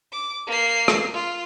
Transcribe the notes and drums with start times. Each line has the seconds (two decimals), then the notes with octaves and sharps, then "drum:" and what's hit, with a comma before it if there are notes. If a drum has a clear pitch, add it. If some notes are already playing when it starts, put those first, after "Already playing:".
0.12 D6
0.47 A#3 C7
0.88 drum: rim click
1.14 F4